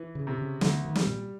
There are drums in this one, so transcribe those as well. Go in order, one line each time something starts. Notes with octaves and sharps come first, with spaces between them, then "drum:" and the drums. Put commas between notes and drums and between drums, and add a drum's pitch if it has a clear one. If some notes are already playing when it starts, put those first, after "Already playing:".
Already playing: E3
C#3
C3
C#3
D2 D3, drum: snare
D#3
G3, drum: snare
A#2